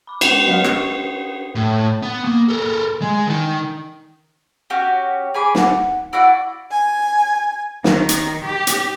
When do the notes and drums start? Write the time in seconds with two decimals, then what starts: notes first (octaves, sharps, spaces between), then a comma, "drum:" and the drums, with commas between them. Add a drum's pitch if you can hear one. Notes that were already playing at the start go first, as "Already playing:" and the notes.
0.07 B5 D6
0.21 G#3 G5, drum: cymbal
0.47 F#3 B3 D#5 F5
0.64 C#6, drum: rim click
1.55 A2
2.02 B3
2.25 A#3
2.49 A4 A#4
3.01 G#3
3.27 D#3 D#4
4.70 C#4 F#4 G4
5.34 G#4 G#5 B5 D6
5.55 F#5, drum: snare
6.13 E4 F#4 D5 F#5
6.70 G#5
7.84 D#3, drum: snare
8.09 drum: hi-hat
8.45 G4
8.67 drum: hi-hat